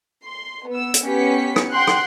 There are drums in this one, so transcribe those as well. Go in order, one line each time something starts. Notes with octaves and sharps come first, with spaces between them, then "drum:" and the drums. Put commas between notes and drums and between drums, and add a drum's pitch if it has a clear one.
C6
B3 E6
drum: hi-hat
B3 C#4 G4 B6 C#7
drum: rim click
F#5 G5 C6 F#6
drum: rim click